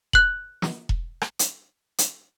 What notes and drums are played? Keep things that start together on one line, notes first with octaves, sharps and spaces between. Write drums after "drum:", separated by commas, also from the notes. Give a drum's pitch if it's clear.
F#6 F#7, drum: kick E1
drum: snare
drum: kick E1
drum: rim click
drum: hi-hat
drum: hi-hat